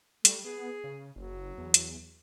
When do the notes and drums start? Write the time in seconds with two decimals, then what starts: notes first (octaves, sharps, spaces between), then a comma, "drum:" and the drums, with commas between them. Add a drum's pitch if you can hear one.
0.25 G3 A3, drum: hi-hat
0.44 B3 G#4
0.84 C#3
1.16 F#1 F#3
1.58 E2
1.74 drum: hi-hat